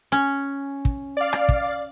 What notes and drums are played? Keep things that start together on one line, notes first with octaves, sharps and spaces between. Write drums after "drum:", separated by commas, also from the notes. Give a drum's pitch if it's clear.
C#4
drum: kick
D5 F5
drum: rim click
drum: kick